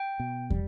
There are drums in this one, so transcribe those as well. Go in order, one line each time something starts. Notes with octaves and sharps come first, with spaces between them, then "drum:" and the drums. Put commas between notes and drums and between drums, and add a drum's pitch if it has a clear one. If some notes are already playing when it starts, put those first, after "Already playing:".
Already playing: G5
B2
G3, drum: kick